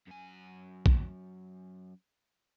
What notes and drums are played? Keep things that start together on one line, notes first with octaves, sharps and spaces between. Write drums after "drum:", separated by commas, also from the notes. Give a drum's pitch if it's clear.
F#2 G#5
drum: kick